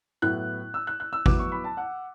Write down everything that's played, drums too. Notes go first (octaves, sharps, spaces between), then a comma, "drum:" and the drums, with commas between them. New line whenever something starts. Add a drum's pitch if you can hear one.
A2 F#3 B3 E4 F#6
E6
F#6
F#6
E6
F#3 B3 E4 D6, drum: kick G#1
C#6
B5
A5
F#5